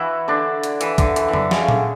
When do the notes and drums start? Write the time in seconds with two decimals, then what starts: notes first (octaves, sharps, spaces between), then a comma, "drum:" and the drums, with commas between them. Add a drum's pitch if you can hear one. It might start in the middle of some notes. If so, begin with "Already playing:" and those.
Already playing: E3 E4 F#4
0.28 D3 D4
0.63 drum: hi-hat
0.81 E3, drum: hi-hat
0.98 D3, drum: kick, hi-hat
1.16 E3, drum: hi-hat
1.28 E3
1.33 D3, drum: tom
1.51 C#3, drum: snare
1.69 D3, drum: tom A#2